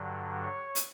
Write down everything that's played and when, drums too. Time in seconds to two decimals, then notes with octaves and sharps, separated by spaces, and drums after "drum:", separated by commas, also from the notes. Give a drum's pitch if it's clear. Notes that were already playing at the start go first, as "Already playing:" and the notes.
Already playing: G2 D3 F#3
0.42 C#5
0.75 drum: hi-hat